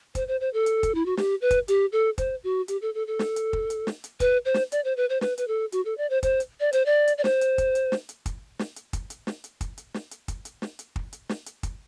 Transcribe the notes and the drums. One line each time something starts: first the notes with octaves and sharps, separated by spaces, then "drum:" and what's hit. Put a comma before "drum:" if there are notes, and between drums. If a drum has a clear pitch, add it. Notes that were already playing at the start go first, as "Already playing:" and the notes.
C5, drum: kick, hi-hat
C5
C5
A4
drum: hi-hat
drum: kick, hi-hat
E4
F#4
G4, drum: snare
B4
drum: kick, hi-hat
G4, drum: hi-hat
A4
C5, drum: kick, hi-hat
F#4
G4, drum: hi-hat
A4
A4
A4
drum: snare
drum: hi-hat
drum: kick
drum: hi-hat
drum: snare
drum: hi-hat
B4, drum: kick, hi-hat
C5
drum: snare
D5, drum: hi-hat
C5
B4
C5
B4, drum: snare
B4, drum: hi-hat
A4
F#4, drum: hi-hat
A4
D5
C5
C5, drum: kick, hi-hat
drum: hi-hat
D5
C5, drum: hi-hat
D5
drum: hi-hat
D5
C5, drum: snare
drum: hi-hat
drum: kick, hi-hat
drum: hi-hat
drum: snare
drum: hi-hat
drum: kick, hi-hat
drum: snare
drum: hi-hat
drum: kick, hi-hat
drum: hi-hat
drum: snare
drum: hi-hat
drum: kick, hi-hat
drum: hi-hat
drum: snare
drum: hi-hat
drum: kick, hi-hat
drum: hi-hat
drum: snare
drum: hi-hat
drum: kick
drum: hi-hat
drum: snare
drum: hi-hat
drum: kick, hi-hat